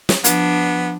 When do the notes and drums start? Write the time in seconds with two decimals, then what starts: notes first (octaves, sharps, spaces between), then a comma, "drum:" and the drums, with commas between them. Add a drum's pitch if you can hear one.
0.09 drum: snare
0.24 F3 B3 D4, drum: hi-hat